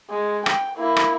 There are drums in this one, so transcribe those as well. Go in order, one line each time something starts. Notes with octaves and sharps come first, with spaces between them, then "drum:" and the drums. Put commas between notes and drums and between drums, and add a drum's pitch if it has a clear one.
G#3
G5, drum: rim click
A#3 E4
drum: rim click